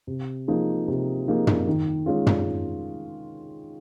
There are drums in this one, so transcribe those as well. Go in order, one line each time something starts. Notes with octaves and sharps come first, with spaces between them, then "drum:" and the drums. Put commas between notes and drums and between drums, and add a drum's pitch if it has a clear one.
C3
F3 A#3 D#4 G#4
C3
F3 A#3 D#4 G#4
drum: tom
D#3
G#3 C#4 F4
drum: tom